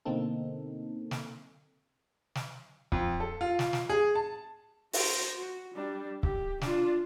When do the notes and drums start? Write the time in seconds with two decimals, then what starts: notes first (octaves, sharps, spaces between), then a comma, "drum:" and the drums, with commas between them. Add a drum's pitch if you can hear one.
0.05 B2 D3 A#3 C4 D#4 A4
1.11 drum: snare
2.35 drum: snare
2.92 F2, drum: kick C#1
3.20 A4
3.41 F4
3.59 drum: snare
3.73 drum: snare
3.89 G#4
4.15 A5
4.93 F#4 C5, drum: open hi-hat
5.35 F#4
5.74 G3 D4
6.23 G4, drum: kick C#1
6.61 D4 F4, drum: snare